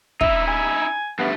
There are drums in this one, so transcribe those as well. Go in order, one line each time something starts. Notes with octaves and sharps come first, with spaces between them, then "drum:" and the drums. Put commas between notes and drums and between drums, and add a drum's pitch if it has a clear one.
D#4 E4 E5, drum: kick
G#5
G2 A3 B3